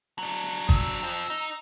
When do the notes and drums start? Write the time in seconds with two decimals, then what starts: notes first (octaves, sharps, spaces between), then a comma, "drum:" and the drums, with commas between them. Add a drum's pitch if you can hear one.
0.19 F#3 D4
0.69 A#5 E6, drum: kick
1.03 F2 F3
1.30 D#4